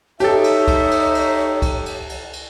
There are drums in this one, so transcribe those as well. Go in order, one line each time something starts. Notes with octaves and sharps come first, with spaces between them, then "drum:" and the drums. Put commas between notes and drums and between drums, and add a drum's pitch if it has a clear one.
D#4 G4 A4 C#5 E5, drum: cymbal
drum: cymbal
drum: kick C2, cymbal
drum: cymbal
drum: cymbal
drum: kick C2, cymbal
drum: cymbal
drum: cymbal
drum: cymbal